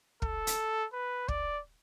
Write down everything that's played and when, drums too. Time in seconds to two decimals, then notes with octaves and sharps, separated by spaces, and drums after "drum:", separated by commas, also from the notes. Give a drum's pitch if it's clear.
0.22 A4, drum: kick
0.47 drum: hi-hat
0.93 B4
1.28 D5, drum: kick